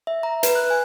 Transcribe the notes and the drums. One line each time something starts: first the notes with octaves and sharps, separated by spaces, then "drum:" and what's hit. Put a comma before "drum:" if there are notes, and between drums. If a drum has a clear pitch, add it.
E5
A#5
B4, drum: hi-hat
F#6
G#5